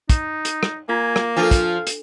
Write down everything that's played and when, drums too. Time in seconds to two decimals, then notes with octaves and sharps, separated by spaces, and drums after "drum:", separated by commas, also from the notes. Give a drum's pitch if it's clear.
0.10 D#4, drum: kick, hi-hat
0.45 drum: hi-hat
0.63 drum: rim click
0.89 A#3 F4 G#5
1.16 drum: rim click
1.37 F3 D4 F4 G4 A4 F5
1.51 drum: kick, hi-hat
1.87 drum: hi-hat